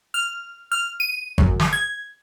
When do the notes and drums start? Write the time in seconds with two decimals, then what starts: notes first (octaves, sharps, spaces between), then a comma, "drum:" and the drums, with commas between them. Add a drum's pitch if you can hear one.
0.14 F6
0.72 F6
1.00 D#7
1.38 F#2, drum: kick G#1
1.60 drum: snare
1.73 G#6